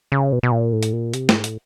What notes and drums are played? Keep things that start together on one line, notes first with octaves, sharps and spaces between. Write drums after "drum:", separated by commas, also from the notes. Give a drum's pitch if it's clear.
C#3
B2
B2
A#2
A2
drum: hi-hat
A#2
C3, drum: hi-hat
G#2, drum: snare
A2, drum: hi-hat